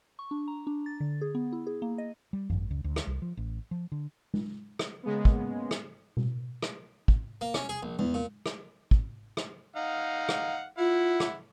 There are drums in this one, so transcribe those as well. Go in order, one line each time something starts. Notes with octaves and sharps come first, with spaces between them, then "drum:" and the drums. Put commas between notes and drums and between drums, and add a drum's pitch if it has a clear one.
C#6
D4
A#5
D4
A6
D3
G#4
B3
E4
G#4
A#3
D#5
G3
G#1, drum: tom F#2
C#2
D2
drum: rim click
C2
F3
A1
F3
D3
drum: tom G#3
drum: rim click
C#3 G#3 A#3 B3
drum: kick
drum: rim click
drum: tom B2
drum: rim click
drum: kick
A#3
C#4, drum: rim click
G#4
A#1
E2, drum: tom G#3
A#2
drum: rim click
drum: kick
drum: rim click
D#4 F5 F#5
drum: rim click
E4 F4 F#5
drum: rim click